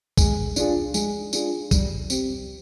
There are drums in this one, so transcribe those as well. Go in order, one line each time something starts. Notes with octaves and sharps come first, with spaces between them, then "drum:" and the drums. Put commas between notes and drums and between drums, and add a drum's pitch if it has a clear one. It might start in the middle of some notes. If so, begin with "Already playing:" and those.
G#3, drum: kick, tambourine
D4 F4 G#4, drum: tambourine
G#3, drum: tambourine
D4 F4 G#4, drum: tambourine
G3, drum: kick, tambourine
C4 G4, drum: tambourine